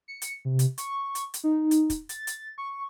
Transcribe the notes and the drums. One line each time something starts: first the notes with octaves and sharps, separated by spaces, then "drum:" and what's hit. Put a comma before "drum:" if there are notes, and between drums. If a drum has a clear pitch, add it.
C#7
drum: hi-hat
C3
drum: hi-hat
C#6, drum: hi-hat
drum: hi-hat
drum: hi-hat
D#4
drum: hi-hat
drum: kick, hi-hat
A6, drum: hi-hat
drum: hi-hat
C#6